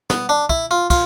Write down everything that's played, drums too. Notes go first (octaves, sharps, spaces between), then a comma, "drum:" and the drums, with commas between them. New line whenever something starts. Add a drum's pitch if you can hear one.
B3, drum: snare
D4
E4, drum: kick
F4
F4, drum: kick, cymbal